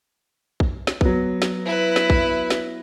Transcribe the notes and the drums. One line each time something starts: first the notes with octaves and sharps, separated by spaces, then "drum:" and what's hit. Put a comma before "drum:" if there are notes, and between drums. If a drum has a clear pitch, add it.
drum: kick
drum: snare
F#3 B3, drum: kick
drum: snare
E4 B4
drum: snare
drum: kick
drum: snare